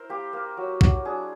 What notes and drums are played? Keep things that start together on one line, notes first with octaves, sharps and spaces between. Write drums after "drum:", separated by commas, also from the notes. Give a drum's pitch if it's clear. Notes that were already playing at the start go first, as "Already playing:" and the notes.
Already playing: E4 A#4 C5
A#3 G4
A#3
F#3
F#3, drum: kick
D4 G#4